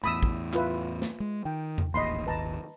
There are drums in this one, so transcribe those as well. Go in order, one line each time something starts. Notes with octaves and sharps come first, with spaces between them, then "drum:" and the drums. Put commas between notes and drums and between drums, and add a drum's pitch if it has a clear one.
E2 A2 B5 D#6 E6, drum: hi-hat
drum: kick
F4 B4 E5, drum: clap
drum: snare
G#3
D#3 G5
drum: tom E2
D#1 A1 D#2 D#5 B5 C6
D#1 G#1 D#2 B4 A5 A#5